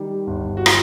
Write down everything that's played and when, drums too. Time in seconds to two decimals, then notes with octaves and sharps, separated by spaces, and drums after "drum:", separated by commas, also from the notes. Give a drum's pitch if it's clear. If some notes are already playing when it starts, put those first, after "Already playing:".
Already playing: D#3 G3
0.27 G1
0.57 F#4
0.66 F4, drum: rim click